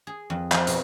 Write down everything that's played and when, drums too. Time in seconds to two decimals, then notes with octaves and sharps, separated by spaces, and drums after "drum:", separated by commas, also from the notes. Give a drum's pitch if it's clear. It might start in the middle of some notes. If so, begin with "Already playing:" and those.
0.07 G#4
0.30 F2
0.52 F3, drum: clap
0.67 B2, drum: hi-hat